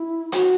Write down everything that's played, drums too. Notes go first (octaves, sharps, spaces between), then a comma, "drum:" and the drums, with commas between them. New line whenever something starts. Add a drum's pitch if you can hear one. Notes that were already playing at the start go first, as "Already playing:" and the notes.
Already playing: E4
F#4, drum: hi-hat